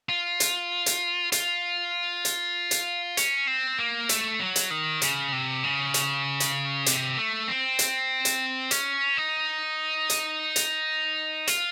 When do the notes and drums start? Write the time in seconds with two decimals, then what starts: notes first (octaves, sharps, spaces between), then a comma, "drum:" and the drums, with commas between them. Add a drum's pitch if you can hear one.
0.09 F4
0.40 drum: hi-hat
0.86 drum: hi-hat
1.32 F4, drum: hi-hat
2.25 drum: hi-hat
2.71 drum: hi-hat
3.17 C#4, drum: hi-hat
3.47 C4
3.79 A#3
4.09 A3, drum: hi-hat
4.40 F#3
4.56 drum: hi-hat
4.71 D#3
5.02 C#3, drum: hi-hat
5.32 C3
5.63 C#3
5.94 drum: hi-hat
6.40 drum: hi-hat
6.86 C3, drum: hi-hat
7.17 A3
7.48 C4
7.79 drum: hi-hat
8.25 drum: hi-hat
8.71 C#4, drum: hi-hat
9.17 D#4
10.10 drum: hi-hat
10.56 drum: hi-hat
11.47 F4, drum: hi-hat